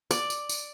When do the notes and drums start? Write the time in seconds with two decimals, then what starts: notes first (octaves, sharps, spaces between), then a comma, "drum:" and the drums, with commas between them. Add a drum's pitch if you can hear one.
0.11 D5, drum: tambourine
0.30 drum: tambourine
0.49 drum: tambourine